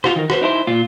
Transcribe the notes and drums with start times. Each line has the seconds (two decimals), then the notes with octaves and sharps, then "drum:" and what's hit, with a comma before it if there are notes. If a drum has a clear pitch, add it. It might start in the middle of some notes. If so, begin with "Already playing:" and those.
0.04 F4 F#4 C5, drum: rim click
0.16 D#3 A#4
0.30 F#4 B4 C5, drum: rim click
0.41 D#4 E4 A4 C5
0.67 A#2 F4